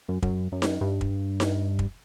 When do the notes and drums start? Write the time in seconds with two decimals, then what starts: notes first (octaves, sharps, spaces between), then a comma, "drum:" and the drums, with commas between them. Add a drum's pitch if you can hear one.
0.09 F#2
0.22 F#2, drum: kick
0.52 F#2
0.62 drum: snare D#4
0.81 G2
1.01 drum: kick
1.40 drum: snare D#4
1.79 drum: kick